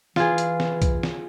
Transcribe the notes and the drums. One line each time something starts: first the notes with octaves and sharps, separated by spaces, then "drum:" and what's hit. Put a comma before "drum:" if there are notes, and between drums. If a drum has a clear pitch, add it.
E3 F4 G#4, drum: snare
drum: hi-hat
drum: snare
drum: kick B1, hi-hat
drum: snare